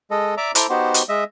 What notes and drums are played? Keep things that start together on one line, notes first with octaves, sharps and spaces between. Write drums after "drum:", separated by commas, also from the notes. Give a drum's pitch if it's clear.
G#3 A4 D#5
D5 E5 A#5 D6
E4 A4 C5 A#5 D6, drum: hi-hat
B3 D#4 F#4 G4 C5
drum: hi-hat
G#3 D#5 E5